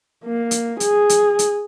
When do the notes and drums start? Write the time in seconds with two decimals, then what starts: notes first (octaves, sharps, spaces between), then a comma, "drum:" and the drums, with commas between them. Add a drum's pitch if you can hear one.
0.25 A#3
0.51 drum: hi-hat
0.80 G#4, drum: hi-hat
1.09 drum: hi-hat
1.39 drum: hi-hat